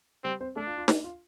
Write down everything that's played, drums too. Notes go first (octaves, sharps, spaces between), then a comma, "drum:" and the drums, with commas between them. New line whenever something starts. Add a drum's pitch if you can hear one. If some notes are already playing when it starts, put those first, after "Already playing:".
G3 C4 G4
C4 C5
A3 D4 A4
F4
F4
D4, drum: snare
F4